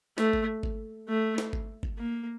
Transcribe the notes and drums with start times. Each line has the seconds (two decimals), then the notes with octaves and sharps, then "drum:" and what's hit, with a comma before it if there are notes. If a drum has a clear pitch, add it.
0.18 A3, drum: snare
0.33 drum: kick G#1
0.63 drum: kick G#1
1.09 A3
1.38 drum: snare
1.53 drum: kick G#1
1.83 drum: kick G#1
1.98 A#3